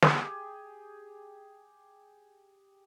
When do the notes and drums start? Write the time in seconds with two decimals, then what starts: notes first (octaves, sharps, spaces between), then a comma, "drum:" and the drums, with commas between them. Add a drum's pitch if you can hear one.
0.02 G4 G#4, drum: snare